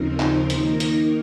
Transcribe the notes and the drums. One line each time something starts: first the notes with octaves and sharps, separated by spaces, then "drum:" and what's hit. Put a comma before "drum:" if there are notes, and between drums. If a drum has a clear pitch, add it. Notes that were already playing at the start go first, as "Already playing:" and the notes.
Already playing: D#2 C#3 F3 C4 D#4 A#4
C5, drum: clap
D#3 A#3 D#4 A#4, drum: hi-hat
A#4, drum: hi-hat